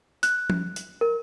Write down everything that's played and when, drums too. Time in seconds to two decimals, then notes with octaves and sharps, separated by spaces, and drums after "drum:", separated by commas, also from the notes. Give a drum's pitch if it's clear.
0.23 F#6, drum: hi-hat
0.50 drum: tom F3
0.76 drum: hi-hat
1.01 A#4